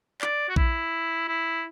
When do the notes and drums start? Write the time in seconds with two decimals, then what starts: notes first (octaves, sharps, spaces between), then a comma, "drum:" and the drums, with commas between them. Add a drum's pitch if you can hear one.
0.21 D5, drum: clap
0.49 F#4
0.56 E4, drum: kick A#1
1.28 E4